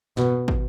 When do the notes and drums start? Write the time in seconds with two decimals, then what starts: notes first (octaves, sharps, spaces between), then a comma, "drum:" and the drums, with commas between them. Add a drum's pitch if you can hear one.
0.17 B2, drum: snare
0.48 drum: kick